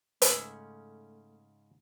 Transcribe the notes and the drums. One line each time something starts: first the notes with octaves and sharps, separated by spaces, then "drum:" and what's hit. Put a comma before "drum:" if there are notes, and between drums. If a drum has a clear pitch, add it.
G#2 C#3 A3 C#4, drum: hi-hat